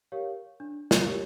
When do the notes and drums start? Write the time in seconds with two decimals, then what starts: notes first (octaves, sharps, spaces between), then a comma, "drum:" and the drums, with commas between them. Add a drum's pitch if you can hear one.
0.12 G4 A#4 C#5 F5
0.60 D4
0.91 drum: snare
1.07 G4 A#4 C#5